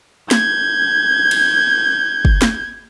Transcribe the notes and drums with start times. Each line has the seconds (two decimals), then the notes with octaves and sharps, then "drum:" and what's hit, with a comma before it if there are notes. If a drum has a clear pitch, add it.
0.31 G6 G#6, drum: snare
1.31 drum: cymbal
2.25 drum: kick
2.42 drum: snare